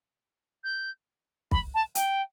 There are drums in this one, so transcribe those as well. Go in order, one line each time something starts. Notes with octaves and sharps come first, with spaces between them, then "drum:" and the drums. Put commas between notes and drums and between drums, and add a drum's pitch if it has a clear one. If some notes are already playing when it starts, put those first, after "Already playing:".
G6
B5, drum: kick
A5
G5, drum: hi-hat